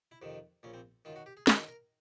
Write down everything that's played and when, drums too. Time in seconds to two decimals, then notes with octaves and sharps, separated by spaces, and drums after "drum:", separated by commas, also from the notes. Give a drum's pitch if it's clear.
0.11 E4
0.22 F2 C3 D#3
0.63 A#1 A#2 C#4
0.74 C4
1.05 F#2 D#3 F4
1.16 F#4
1.26 G4
1.37 G#4
1.47 F#2 D#3, drum: snare
1.68 A#4